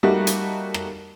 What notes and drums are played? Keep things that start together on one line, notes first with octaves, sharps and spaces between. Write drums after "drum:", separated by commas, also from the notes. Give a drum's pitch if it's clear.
G3 A3 A#3 D#4 F#4
drum: hi-hat
drum: rim click